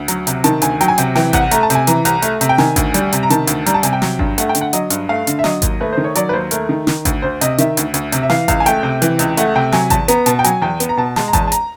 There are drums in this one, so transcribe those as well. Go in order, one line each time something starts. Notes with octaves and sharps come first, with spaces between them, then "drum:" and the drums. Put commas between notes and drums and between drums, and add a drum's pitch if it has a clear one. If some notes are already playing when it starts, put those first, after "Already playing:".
Already playing: D2
F#3, drum: hi-hat
C3, drum: hi-hat
D#3 A5, drum: hi-hat
D2 G#5, drum: hi-hat
F#3 G5, drum: hi-hat
G#5
C3 G5, drum: hi-hat
E3 G5, drum: snare
C2 F#5, drum: kick G#1, hi-hat
A3 A#5, drum: hi-hat
A5
C3, drum: hi-hat
G#5
E3 A#5, drum: hi-hat
C2 A#5, drum: hi-hat
A3, drum: hi-hat
C3, drum: hi-hat
G5
D#3 G#5, drum: snare
D2, drum: kick G#1, hi-hat
G3, drum: hi-hat
C3, drum: hi-hat
A#5
D#3 A5, drum: hi-hat
D2, drum: hi-hat
G3 A#5, drum: hi-hat
A5
C3 G#5, drum: hi-hat
G5
F#3, drum: snare
G2, drum: kick G#1
A3 F#5, drum: hi-hat
G5
D3, drum: hi-hat
F#5
F#3 D#5, drum: hi-hat
G2, drum: hi-hat
A3 F5
D3, drum: hi-hat
E5
F#3 D#5, drum: snare
D#2, drum: kick G#1, hi-hat
A3 B4
D#3 C5
C#5
F#3 D5, drum: hi-hat
B4
D#2 C5
A3 A#4, drum: hi-hat
D#3
D#3, drum: snare
D2, drum: kick G#1, hi-hat
D2 C5
C3 D#5, drum: hi-hat
D#3 E5, drum: hi-hat
D2, drum: hi-hat
D2, drum: hi-hat
C3, drum: hi-hat
E5
E3 F5, drum: snare
C#2 F5, drum: kick G#1, hi-hat
G#5
A3 G5, drum: hi-hat
C3
E3, drum: hi-hat
C#2, drum: hi-hat
A3 F#5, drum: hi-hat
C3 G5
F#3 G#5, drum: snare
E2 A5, drum: kick G#1, hi-hat
B3 A#5, drum: hi-hat
B2 A5, drum: hi-hat
G5
F#3 G#5, drum: hi-hat
E2 G5
B3, drum: hi-hat
A#5
B2 A5
G#3 A5, drum: snare
A#5
E2 A5, drum: kick G#1, hi-hat
A5
A#5, drum: hi-hat